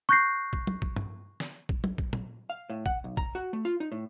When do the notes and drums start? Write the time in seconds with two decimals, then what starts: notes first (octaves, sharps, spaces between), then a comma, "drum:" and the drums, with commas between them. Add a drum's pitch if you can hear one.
0.09 C#6 F#6 G6 A#6 C7
0.53 drum: kick A#1
0.67 drum: tom
0.82 drum: kick A#1
0.96 drum: tom G2
1.40 drum: snare
1.69 drum: kick A#1
1.84 drum: tom
1.98 drum: kick A#1
2.13 drum: tom
2.50 F5
2.70 A2
2.86 F#5, drum: kick A#1
3.04 B1
3.17 A#5, drum: kick A#1
3.35 F#4
3.53 A3
3.65 F4
3.80 D#4
3.92 A2